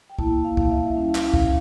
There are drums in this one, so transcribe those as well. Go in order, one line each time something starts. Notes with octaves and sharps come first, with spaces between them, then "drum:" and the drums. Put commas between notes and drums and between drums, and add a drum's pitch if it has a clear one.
G5
A#3 E4 A5, drum: kick
F5
drum: kick
E5
G3 C#4 E4 F5
F5, drum: clap
F5, drum: kick